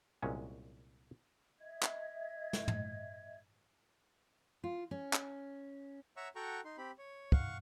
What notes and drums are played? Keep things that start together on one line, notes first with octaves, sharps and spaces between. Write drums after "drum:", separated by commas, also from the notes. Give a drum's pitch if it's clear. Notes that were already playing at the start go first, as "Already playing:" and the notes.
C2 A#2 F#3 G#3 C#4
D#5 E5 G#6
drum: clap
drum: snare
drum: tom
F4
C#4
drum: clap
C#5 E5 F#5 A#5 C#6 E6
F#4 A4 F#5 G5 A#5 C#6
D#4 C6
C4 G4 B5
C#5
F5 F#5 C#6, drum: kick